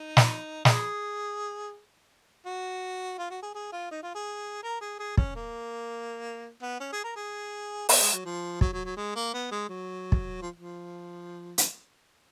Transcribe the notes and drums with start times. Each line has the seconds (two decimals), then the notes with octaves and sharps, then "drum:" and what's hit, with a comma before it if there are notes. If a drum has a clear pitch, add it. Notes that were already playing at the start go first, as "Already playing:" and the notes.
Already playing: D#4
0.17 drum: snare
0.65 G#4, drum: snare
2.46 F#4
3.18 F4
3.30 F#4
3.42 G#4
3.55 G#4
3.73 F4
3.91 D#4
4.03 F4
4.15 G#4
4.63 A#4
4.81 G#4
4.99 G#4
5.17 C#4, drum: kick
5.36 A#3
6.62 B3
6.80 C#4
6.92 G#4
7.04 A#4
7.16 G#4
7.89 B3, drum: open hi-hat
8.01 G#3
8.13 F#3
8.25 F3
8.61 F#3, drum: kick
8.73 F#3
8.85 F#3
8.97 G#3
9.15 A#3
9.34 B3
9.51 G#3
9.69 F#3
10.12 drum: kick
10.42 F3
10.56 F3
11.58 drum: hi-hat